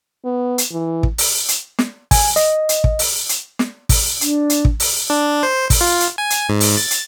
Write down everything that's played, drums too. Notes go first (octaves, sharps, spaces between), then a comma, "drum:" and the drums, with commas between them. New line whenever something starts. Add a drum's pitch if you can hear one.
B3
drum: hi-hat
E3
drum: kick
drum: open hi-hat
drum: hi-hat
drum: snare
G#5, drum: kick, open hi-hat
D#5, drum: hi-hat
drum: hi-hat
drum: kick
drum: open hi-hat
drum: hi-hat
drum: snare
drum: kick, open hi-hat
D4, drum: hi-hat
drum: hi-hat
drum: kick
drum: open hi-hat
D4
C5
drum: kick, open hi-hat
F4
drum: hi-hat
G#5
drum: hi-hat
G#2
drum: open hi-hat
A6
drum: hi-hat